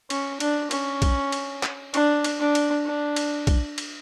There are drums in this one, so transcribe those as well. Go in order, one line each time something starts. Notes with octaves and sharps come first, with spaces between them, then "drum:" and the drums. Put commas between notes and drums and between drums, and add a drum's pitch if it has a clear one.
C#4, drum: cymbal
D4, drum: cymbal
C#4, drum: cymbal
drum: kick, cymbal
drum: cymbal
drum: clap
D4, drum: cymbal
drum: cymbal
D4
drum: cymbal
D4
drum: cymbal
drum: kick, cymbal
drum: cymbal